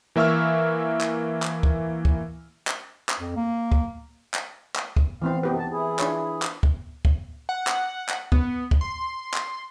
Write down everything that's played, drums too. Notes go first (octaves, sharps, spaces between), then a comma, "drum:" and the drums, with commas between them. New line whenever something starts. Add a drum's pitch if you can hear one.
E3 A#3 E5 C#6 E6 F6
drum: clap
drum: clap
drum: kick
drum: kick
drum: clap
drum: clap
F2
A#3
drum: kick
drum: clap
drum: clap
drum: kick
E3 B3 C4 F5
F#2 C3 B3 G4 B4
D#2 A5
E3 E4 G#4
D4 F4 C#5, drum: clap
drum: clap
drum: kick
drum: kick
F#5
drum: clap
drum: clap
B3, drum: kick
drum: kick
C6
drum: clap